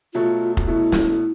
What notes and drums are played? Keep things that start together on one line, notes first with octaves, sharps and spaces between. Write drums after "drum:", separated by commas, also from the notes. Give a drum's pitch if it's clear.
B2 F#3 A3 F4
drum: kick F1
B2 F#3 A3 E4
drum: snare